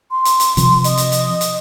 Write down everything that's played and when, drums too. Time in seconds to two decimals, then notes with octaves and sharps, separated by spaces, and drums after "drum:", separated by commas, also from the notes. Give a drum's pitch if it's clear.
0.11 C6
0.25 drum: hi-hat
0.40 drum: hi-hat
0.57 C3 F3, drum: hi-hat
0.84 D#5, drum: hi-hat
0.97 drum: hi-hat
1.12 drum: hi-hat
1.41 drum: hi-hat